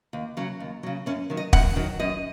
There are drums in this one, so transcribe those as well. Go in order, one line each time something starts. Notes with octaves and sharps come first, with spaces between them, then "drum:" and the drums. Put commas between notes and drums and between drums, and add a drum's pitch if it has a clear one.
D#2
C#3 F#3
D#2
C#3 F#3
F#2 C#4
D#3 F#3
D#5
F#2 F#5, drum: kick
D#3 F#3
F#2 D#5